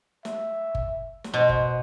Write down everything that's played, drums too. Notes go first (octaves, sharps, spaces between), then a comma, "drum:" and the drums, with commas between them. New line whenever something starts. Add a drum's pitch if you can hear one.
E5, drum: snare
drum: kick G1
drum: snare
B2 C5
drum: kick G1